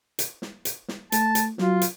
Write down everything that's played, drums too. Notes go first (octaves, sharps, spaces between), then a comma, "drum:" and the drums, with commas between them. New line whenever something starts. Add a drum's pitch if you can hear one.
drum: hi-hat
drum: snare
drum: hi-hat
drum: snare
A3 A5, drum: hi-hat
drum: hi-hat
F#3 F4, drum: snare
drum: hi-hat